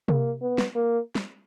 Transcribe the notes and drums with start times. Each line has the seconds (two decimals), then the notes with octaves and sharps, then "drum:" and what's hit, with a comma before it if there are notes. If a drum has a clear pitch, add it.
0.08 A#3, drum: tom C3
0.42 B3
0.58 drum: snare
0.75 A#3
1.15 drum: snare